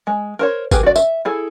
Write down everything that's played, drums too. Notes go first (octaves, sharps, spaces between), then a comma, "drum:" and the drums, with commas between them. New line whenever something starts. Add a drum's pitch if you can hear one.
G#3
A#4 C5 C#5
G4 G#4 A#4 B4, drum: kick, tambourine
F#4 D5
E5, drum: tambourine
E4 G#4 A4